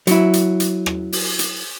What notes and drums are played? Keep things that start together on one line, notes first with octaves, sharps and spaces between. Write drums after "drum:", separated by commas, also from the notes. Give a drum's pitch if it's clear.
F#3 E4, drum: hi-hat
drum: hi-hat
drum: hi-hat
drum: rim click
drum: open hi-hat
drum: hi-hat